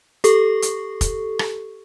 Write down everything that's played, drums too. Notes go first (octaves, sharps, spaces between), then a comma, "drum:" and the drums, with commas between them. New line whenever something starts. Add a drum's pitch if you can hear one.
G4 A4 C#6, drum: hi-hat
drum: hi-hat
drum: kick, hi-hat
drum: rim click